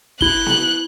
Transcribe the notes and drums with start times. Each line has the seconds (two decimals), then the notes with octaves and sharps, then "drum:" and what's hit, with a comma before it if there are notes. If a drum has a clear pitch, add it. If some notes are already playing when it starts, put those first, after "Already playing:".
0.21 E4 F#6 G7, drum: kick
0.46 drum: snare B3